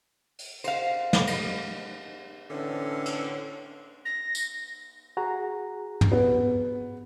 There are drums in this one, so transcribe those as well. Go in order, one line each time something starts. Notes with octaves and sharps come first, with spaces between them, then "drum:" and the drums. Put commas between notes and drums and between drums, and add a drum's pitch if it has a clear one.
drum: open hi-hat
C5 F5, drum: cymbal
drum: snare
drum: cymbal
A2 D3 E3 C4 C#4
drum: cymbal
A#6
drum: tambourine
F#4 G#4 A#5
drum: tom
B3